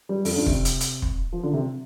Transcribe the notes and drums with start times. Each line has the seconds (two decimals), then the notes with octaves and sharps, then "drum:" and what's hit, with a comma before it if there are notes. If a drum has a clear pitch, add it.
0.09 G3
0.25 F2, drum: open hi-hat
0.36 G2
0.46 C3, drum: kick
0.65 drum: hi-hat
0.80 drum: hi-hat
1.02 drum: kick
1.33 F3
1.43 D3
1.53 C3